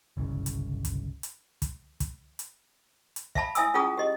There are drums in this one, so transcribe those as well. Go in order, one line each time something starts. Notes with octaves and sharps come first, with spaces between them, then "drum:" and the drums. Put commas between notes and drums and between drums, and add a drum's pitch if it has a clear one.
G1 C2 F#2 C#3
drum: hi-hat
drum: kick, hi-hat
drum: hi-hat
drum: kick, hi-hat
drum: kick, hi-hat
drum: hi-hat
drum: hi-hat
E5 F5 A5 B5, drum: kick
E4 E5 G#5 D#6 E6, drum: hi-hat
C#4 F4 G#4 F#5 A#5 D#6
G4 D#5